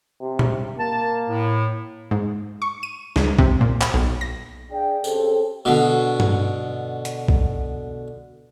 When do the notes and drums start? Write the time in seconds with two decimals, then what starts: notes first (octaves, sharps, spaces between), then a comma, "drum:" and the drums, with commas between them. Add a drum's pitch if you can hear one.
0.21 C3
0.39 drum: tom A#2
0.79 A#3 A5
1.28 A2
2.11 G#2
2.62 C#6
2.83 D#7
3.16 C#2, drum: snare
3.39 C3, drum: kick B1
3.61 A#2
3.81 drum: clap
3.94 B1
4.21 A#6
4.70 D4 G#4 D5 F5 G5
5.04 C#3 C4 G4 A4, drum: tambourine
5.65 B2 D3
6.20 drum: tom G2
7.05 drum: hi-hat
7.28 drum: kick B1